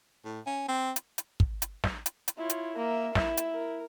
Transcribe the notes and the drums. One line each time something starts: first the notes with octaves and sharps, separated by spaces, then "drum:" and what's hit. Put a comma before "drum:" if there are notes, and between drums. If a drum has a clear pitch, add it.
A2
C#4
C4
drum: hi-hat
drum: hi-hat
drum: kick
drum: hi-hat
drum: snare
drum: hi-hat
drum: hi-hat
E4 F4 C#5
drum: hi-hat
A#3 A#4 E5
E4 E5, drum: snare
drum: hi-hat
A#4